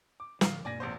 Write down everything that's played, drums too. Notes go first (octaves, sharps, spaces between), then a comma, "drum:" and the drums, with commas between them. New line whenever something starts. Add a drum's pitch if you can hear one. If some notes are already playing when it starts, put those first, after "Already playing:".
D6
A2 D3 F3 F5, drum: snare
G2 B2 A#3 D5 G#5 A#6
A1 E2 C5